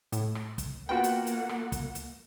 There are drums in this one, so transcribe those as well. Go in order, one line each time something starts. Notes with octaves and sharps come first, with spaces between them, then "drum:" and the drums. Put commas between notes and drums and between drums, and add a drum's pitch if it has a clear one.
A2, drum: hi-hat
drum: rim click
drum: kick, hi-hat
A#3 B3 F4 F#4 F#5 G5
drum: hi-hat
drum: hi-hat
drum: rim click
drum: kick, hi-hat
drum: hi-hat